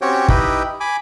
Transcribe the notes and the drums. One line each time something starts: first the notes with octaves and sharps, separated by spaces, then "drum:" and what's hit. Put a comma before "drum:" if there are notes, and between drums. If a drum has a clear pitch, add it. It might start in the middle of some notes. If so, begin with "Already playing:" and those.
C4 C#4 F#4 G4 C#5 G5
D#4 E4 G4 B4 D#5 G5, drum: kick
G#5 B5 D6